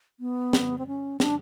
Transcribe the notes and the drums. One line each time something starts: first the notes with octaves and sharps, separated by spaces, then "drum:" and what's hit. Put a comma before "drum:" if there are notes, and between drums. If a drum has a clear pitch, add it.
B3
drum: snare
C4
C#4
D4, drum: snare